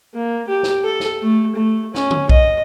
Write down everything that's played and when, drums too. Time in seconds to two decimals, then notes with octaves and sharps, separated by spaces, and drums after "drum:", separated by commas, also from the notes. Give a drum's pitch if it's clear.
0.14 A#3
0.48 G4
0.63 drum: snare
0.84 A4
1.00 drum: snare
1.23 A3
1.55 A3
1.95 C#4, drum: snare
2.11 drum: tom
2.29 D#5, drum: kick B1